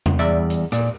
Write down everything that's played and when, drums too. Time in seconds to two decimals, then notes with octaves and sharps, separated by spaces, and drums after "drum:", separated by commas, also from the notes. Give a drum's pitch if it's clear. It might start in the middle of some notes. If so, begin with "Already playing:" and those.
0.06 drum: tom E2
0.19 E2 G3 D5 E5
0.50 drum: hi-hat
0.72 A#2, drum: rim click